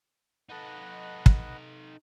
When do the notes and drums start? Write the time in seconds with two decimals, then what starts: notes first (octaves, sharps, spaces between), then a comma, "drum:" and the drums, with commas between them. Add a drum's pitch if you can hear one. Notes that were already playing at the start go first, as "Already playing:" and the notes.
0.49 D#4 A4 B4 D#5 F#5
1.26 drum: kick